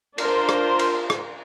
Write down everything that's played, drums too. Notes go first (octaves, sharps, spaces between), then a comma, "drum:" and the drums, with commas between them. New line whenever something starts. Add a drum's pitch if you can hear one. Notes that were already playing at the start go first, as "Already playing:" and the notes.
D4 F4 A#4 C5, drum: cymbal
drum: rim click
drum: cymbal
drum: rim click